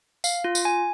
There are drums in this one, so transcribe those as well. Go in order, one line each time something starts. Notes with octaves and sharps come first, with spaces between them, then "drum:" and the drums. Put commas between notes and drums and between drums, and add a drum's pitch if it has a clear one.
F5, drum: tambourine
F4
drum: tambourine
G#5